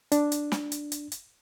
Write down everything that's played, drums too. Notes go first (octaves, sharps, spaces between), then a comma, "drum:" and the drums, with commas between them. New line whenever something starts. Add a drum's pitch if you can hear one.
D4, drum: hi-hat
drum: hi-hat
drum: snare
drum: hi-hat
drum: hi-hat
drum: hi-hat